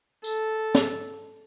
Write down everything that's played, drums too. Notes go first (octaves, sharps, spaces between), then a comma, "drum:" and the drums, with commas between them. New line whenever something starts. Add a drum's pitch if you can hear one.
A4, drum: tambourine
drum: snare